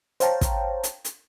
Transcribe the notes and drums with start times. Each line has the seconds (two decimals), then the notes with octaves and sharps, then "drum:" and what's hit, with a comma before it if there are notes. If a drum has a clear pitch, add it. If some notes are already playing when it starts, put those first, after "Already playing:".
0.20 C5 C#5 F5 G5 A5 A#5, drum: hi-hat
0.41 drum: kick, hi-hat
0.83 drum: hi-hat
1.05 drum: hi-hat